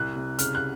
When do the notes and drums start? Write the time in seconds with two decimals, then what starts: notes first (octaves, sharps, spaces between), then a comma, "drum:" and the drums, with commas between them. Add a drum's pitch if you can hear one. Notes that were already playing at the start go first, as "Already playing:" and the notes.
Already playing: C2 F#6
0.16 C3
0.39 C#3 F6, drum: hi-hat
0.55 F#6